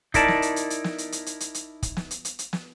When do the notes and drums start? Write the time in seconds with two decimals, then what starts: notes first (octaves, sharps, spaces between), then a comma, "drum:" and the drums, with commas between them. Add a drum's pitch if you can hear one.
0.14 D#4 E4 A#4 D5 A5, drum: kick, hi-hat
0.28 drum: snare
0.42 drum: hi-hat
0.56 drum: hi-hat
0.70 drum: hi-hat
0.84 drum: snare
0.98 drum: hi-hat
1.12 drum: hi-hat
1.26 drum: hi-hat
1.40 drum: hi-hat
1.54 drum: hi-hat
1.83 drum: kick, hi-hat
1.97 drum: snare
2.11 drum: hi-hat
2.25 drum: hi-hat
2.39 drum: hi-hat
2.53 drum: snare